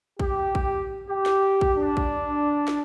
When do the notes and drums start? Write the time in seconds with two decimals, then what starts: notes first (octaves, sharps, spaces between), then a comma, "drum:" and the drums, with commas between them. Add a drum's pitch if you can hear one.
0.19 G4, drum: kick
0.55 drum: kick
1.08 G4
1.26 drum: snare
1.61 drum: kick
1.78 D4
1.97 drum: kick
2.68 drum: snare